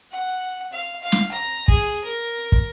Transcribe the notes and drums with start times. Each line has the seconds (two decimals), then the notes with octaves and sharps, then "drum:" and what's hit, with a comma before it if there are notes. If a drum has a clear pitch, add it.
0.12 F#5
0.72 F5
1.03 F5
1.12 drum: snare
1.32 A#5
1.68 G#4, drum: kick
2.04 A#4
2.52 drum: kick